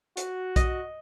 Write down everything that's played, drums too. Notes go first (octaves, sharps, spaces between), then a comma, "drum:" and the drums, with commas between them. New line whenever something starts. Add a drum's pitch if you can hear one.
F#4, drum: hi-hat
D#5, drum: kick, hi-hat